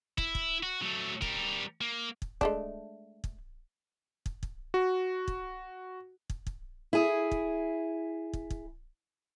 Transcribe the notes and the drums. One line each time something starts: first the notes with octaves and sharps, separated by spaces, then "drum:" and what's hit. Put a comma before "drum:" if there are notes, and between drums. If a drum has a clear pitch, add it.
E4, drum: kick
drum: kick
F#4
F#3 A3
G3 A#4, drum: kick
A#3
drum: kick
G#3 A3 D4, drum: kick
drum: kick
drum: kick
drum: kick
F#4
drum: kick
drum: kick
drum: kick
E4 G#4
drum: kick
drum: kick
drum: kick